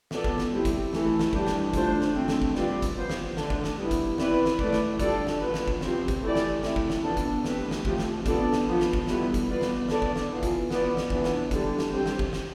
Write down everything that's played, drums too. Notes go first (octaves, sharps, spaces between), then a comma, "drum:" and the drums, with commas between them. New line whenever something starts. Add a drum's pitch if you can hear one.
B3 F4 A4 D5, drum: snare
drum: kick F#1
drum: snare
G3 C4 E4 G4
drum: kick F#1, hi-hat
E3 A3 E4 A4, drum: snare
drum: snare
E3 G3 D4 G4, drum: kick F#1
drum: snare
A3 D4 F4 A4 C5, drum: kick F#1, hi-hat
drum: snare
D3 A3 C4
drum: snare
drum: kick F#1
G3 C4 F4 B4 D5, drum: snare
drum: kick F#1, hi-hat
B3 F4 C5
drum: snare
D3 A3 D4, drum: snare
drum: kick F#1
drum: snare
G3 B3 E4
drum: kick F#1, hi-hat
C4 E4 B4 D5, drum: snare
drum: snare
A3 E4 B4 D5, drum: kick F#1
drum: snare
G3 D4 F4 A4 D5, drum: kick F#1, hi-hat
drum: snare
B3 F4 B4
drum: snare
drum: kick F#1
F3 C4 G4 C5, drum: snare
drum: kick F#1, hi-hat
E3 A3 E4 G4 D5
drum: snare
A3 C4 E4, drum: snare
drum: kick F#1
drum: snare
F3 B3 D4 A4
drum: kick F#1, hi-hat
A3 C4 G4 B4, drum: snare
drum: snare
F3 A3 C4 G4, drum: kick F#1
drum: snare
B3 D4 F4 A4 D5, drum: kick F#1, hi-hat
drum: snare
F3 B3 F4
drum: snare
drum: kick F#1
D3 G3 B3 E4 B4, drum: snare
drum: kick F#1, hi-hat
B3 F4 B4 D5
drum: snare
B3 D4 A4 D5, drum: snare
drum: kick F#1
drum: snare
E3 B3 F4
drum: kick F#1, hi-hat
B3 F4 B4 D5, drum: snare
drum: snare
E3 B3 D4, drum: kick F#1
drum: snare
D3 G3 D4 A4, drum: kick F#1, hi-hat
drum: snare
G3 C4 G4 C5
drum: snare
drum: kick F#1
drum: snare